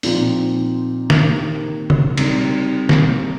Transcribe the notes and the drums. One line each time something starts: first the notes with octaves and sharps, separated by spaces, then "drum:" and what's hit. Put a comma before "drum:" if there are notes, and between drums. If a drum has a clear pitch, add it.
A#2 F3 C4 D#4, drum: open hi-hat
C3 D#3 A#3, drum: snare
drum: tom C#3
C3 G3 C4 D#4, drum: cymbal
drum: snare